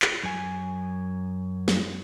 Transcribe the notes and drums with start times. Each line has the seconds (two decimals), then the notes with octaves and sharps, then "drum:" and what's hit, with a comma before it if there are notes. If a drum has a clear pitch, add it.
0.02 drum: clap
0.23 F#2 G#5
1.68 drum: snare